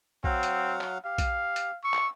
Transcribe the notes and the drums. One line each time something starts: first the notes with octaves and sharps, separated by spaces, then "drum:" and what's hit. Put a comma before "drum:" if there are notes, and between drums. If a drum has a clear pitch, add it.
F#3 C4 F5 F#5, drum: kick A#1
drum: hi-hat
drum: clap
G4 F5
drum: kick A#1, hi-hat
drum: hi-hat
C#6 E6
drum: clap